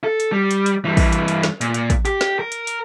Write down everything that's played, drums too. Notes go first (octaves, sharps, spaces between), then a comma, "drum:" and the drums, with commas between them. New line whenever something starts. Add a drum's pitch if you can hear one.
A4
drum: hi-hat
G3
drum: hi-hat
drum: hi-hat
G2 E3
drum: kick, open hi-hat
drum: hi-hat
drum: hi-hat
drum: snare
A#2, drum: hi-hat
drum: hi-hat
drum: kick, hi-hat
G4, drum: hi-hat
drum: snare
A#4
drum: hi-hat
drum: hi-hat